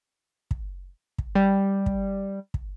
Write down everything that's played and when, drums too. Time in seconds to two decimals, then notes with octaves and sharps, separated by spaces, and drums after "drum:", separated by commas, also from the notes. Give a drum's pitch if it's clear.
0.51 drum: kick
1.18 drum: kick
1.35 G3
1.86 drum: kick
2.54 drum: kick